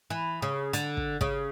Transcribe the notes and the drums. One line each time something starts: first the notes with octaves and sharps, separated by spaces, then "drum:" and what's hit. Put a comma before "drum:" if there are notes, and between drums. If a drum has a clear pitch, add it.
E3
C#3
D3, drum: hi-hat
drum: kick
C#3, drum: kick